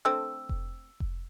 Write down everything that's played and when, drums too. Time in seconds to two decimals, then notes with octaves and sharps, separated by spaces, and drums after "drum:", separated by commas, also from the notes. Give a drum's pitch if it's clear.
0.05 D3 A3 C4 E6
0.49 drum: kick F1
1.00 drum: kick F1